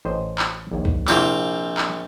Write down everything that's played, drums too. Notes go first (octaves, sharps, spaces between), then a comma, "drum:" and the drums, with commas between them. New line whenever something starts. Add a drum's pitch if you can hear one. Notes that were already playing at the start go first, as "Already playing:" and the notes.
A1 C5 D#5
drum: clap
A#1 D#2
drum: kick
A#1 C3 C4 E4 F4 F5, drum: clap
drum: clap